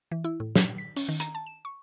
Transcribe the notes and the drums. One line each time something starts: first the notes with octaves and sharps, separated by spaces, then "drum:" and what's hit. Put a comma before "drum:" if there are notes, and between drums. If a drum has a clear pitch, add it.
E3
E4
A2
A#2, drum: snare
B6
C#4, drum: open hi-hat
D#3
A#5, drum: hi-hat
A5
E7
C#6